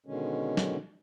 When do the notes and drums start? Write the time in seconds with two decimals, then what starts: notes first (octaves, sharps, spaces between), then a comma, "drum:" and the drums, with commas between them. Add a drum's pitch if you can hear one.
0.06 B2 D3 D#3 G#3 C#4
0.57 drum: snare